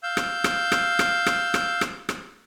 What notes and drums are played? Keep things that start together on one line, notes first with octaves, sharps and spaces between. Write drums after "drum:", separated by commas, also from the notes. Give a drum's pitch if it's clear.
F5 E6 G6
drum: rim click
drum: rim click
drum: rim click
drum: rim click
drum: rim click
drum: rim click
drum: rim click
drum: rim click